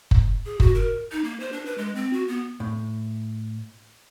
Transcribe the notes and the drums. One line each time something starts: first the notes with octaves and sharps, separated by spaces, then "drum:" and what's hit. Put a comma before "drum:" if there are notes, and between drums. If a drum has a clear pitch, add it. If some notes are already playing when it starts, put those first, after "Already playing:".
drum: kick F#1
G#4
F#4, drum: kick F#1
A#4
D#4
A#3
C5
D4
B4
G#3
C4
F#4
B3
A2